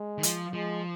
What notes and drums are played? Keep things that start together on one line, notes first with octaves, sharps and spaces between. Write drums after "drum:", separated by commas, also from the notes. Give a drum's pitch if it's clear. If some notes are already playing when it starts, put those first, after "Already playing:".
Already playing: G#3
D#3
F3, drum: hi-hat
F3 G#3